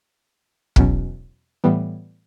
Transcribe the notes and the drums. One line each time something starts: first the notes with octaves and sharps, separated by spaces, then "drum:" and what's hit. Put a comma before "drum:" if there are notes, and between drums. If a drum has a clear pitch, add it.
E2 B2 F#3 C#4, drum: kick
A2 E3 G3 B3